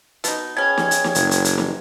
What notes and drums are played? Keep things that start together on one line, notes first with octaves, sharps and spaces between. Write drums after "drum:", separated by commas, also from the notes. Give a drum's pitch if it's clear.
B2 D#4, drum: hi-hat
B2 C#4 G#4 C#5 G5 G#6
drum: snare
drum: hi-hat
drum: snare
F#1, drum: hi-hat
drum: hi-hat
drum: hi-hat
drum: snare